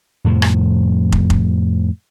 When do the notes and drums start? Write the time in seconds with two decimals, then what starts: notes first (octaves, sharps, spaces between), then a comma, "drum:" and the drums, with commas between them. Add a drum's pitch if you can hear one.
0.24 F2 A2 C3 F3
0.42 drum: rim click
1.12 drum: kick
1.30 drum: kick